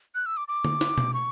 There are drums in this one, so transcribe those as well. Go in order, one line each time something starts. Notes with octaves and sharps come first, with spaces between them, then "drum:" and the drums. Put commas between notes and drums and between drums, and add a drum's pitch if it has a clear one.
F#6
E6
D6
D6
drum: tom D3
drum: snare
drum: tom B2
C#6